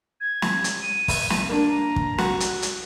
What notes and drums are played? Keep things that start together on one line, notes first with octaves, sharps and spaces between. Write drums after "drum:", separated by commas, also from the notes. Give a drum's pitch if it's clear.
G#6
drum: snare
drum: hi-hat
D#7
drum: kick, open hi-hat
drum: snare
A#3 D4
A#5
drum: kick
F#4, drum: snare
drum: hi-hat
drum: hi-hat